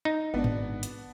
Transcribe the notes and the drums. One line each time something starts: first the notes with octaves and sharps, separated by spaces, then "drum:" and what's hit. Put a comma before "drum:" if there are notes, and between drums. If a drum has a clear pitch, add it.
D#4
G#1 B3 D4
drum: tom G#2
drum: hi-hat